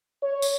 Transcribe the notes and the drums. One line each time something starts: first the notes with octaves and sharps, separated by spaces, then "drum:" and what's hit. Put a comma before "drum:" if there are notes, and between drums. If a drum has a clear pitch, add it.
C#5
drum: tambourine